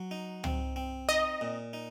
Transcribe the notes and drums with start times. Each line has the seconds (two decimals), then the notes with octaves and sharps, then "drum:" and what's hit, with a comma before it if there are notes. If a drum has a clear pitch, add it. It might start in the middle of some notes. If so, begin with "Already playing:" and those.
Already playing: F#3
0.11 D#4
0.44 C4, drum: tom
0.76 C4
1.09 D#4 D#5
1.41 A#2
1.73 D#4